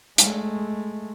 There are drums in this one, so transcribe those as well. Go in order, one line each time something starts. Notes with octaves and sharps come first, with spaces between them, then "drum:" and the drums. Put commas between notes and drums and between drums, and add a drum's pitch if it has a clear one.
G#3 A3, drum: hi-hat